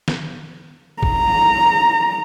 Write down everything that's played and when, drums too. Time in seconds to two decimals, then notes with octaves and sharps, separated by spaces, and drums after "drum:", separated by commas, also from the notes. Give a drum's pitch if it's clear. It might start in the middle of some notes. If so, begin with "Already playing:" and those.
0.08 drum: snare
1.03 A#5, drum: kick G#1